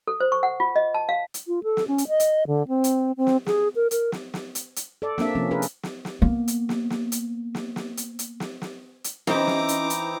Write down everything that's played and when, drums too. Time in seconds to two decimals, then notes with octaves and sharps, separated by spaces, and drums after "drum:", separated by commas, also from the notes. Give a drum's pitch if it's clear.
0.07 A4
0.20 C5
0.32 C#6
0.43 F#5
0.60 F4
0.76 D#5
0.94 A5
1.09 F5
1.34 drum: hi-hat
1.48 F4
1.63 A4
1.77 drum: snare
1.88 C#4
1.98 drum: hi-hat
2.08 D#5
2.20 drum: hi-hat
2.47 D3
2.68 C4
2.84 drum: hi-hat
3.17 C4
3.27 drum: snare
3.46 G#4, drum: snare
3.76 A#4
3.91 A#4, drum: hi-hat
4.12 drum: snare
4.34 drum: snare
4.55 drum: hi-hat
4.76 drum: hi-hat
5.02 A4 D5
5.18 A#3 C4 D4 E5, drum: snare
5.35 C3 F3 A#3 C4 C#4
5.51 D4 G#4 A#4 B4
5.62 drum: hi-hat
5.83 drum: snare
6.05 drum: snare
6.22 A#3 B3
6.48 drum: hi-hat
6.69 drum: snare
6.90 drum: snare
7.12 drum: hi-hat
7.55 drum: snare
7.76 drum: snare
7.97 drum: hi-hat
8.19 drum: hi-hat
8.40 drum: snare
8.62 drum: snare
9.04 drum: hi-hat
9.27 E3 C4 C#4 D#4 E4 D#5 A#5 D6, drum: snare
9.47 drum: snare
9.69 drum: hi-hat
9.90 drum: hi-hat